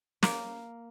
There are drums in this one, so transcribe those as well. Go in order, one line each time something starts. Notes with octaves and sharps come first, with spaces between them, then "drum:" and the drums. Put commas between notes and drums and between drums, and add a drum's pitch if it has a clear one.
A#3, drum: snare